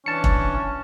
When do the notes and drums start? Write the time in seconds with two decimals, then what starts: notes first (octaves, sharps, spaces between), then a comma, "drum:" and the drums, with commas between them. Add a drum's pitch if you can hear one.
0.06 E3 C#4 D4 A5 C#7
0.24 drum: kick E1